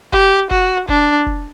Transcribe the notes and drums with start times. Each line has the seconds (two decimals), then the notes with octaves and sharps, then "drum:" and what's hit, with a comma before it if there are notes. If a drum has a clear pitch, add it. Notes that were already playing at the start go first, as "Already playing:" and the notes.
0.13 G4, drum: kick
0.51 F#4, drum: kick
0.88 D4, drum: kick
1.26 drum: kick